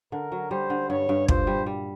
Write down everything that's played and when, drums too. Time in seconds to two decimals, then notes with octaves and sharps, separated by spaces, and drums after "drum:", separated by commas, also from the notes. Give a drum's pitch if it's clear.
0.12 D3 A#4
0.32 F#3
0.51 G3 C5
0.70 D3
0.90 G2 C#5
1.09 G2
1.28 A#2 C5, drum: kick
1.47 G3
1.66 G3